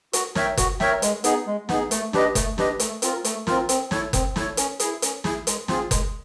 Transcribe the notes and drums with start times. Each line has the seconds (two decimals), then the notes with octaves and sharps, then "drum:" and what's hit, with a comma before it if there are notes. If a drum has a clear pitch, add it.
0.13 F#4, drum: hi-hat
0.35 A#4 C#5 E5 G5, drum: snare
0.57 F#4, drum: kick F#1, hi-hat
0.80 A#4 C#5 E5 G5, drum: snare
1.02 G#3, drum: hi-hat
1.24 B3 D#4 G#4, drum: hi-hat
1.47 G#3
1.69 B3 D#4 G#4, drum: snare
1.91 A3, drum: hi-hat
2.13 D4 G4 B4 D#5, drum: snare
2.35 A3, drum: kick F#1, hi-hat
2.58 D4 G4 B4 D#5, drum: snare
2.80 A3, drum: hi-hat
3.02 C4 F4 A#4, drum: hi-hat
3.24 A3, drum: hi-hat
3.47 C4 F4 A#4, drum: snare
3.69 C4, drum: hi-hat
3.91 E4 A4 C#5, drum: snare
4.13 C4, drum: kick F#1, hi-hat
4.36 E4 A4 C#5, drum: snare
4.57 C#4, drum: hi-hat
4.80 E4 G#4, drum: hi-hat
5.02 C#4, drum: hi-hat
5.24 E4 G#4, drum: snare
5.47 G#3, drum: hi-hat
5.68 C4 F4 G#4, drum: snare
5.91 G#3, drum: kick F#1, hi-hat